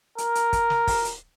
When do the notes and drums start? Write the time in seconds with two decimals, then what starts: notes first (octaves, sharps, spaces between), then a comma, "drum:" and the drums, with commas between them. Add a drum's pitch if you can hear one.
0.18 A#4, drum: hi-hat
0.35 drum: hi-hat
0.53 drum: kick, hi-hat
0.70 drum: snare
0.87 drum: kick, open hi-hat
1.05 drum: hi-hat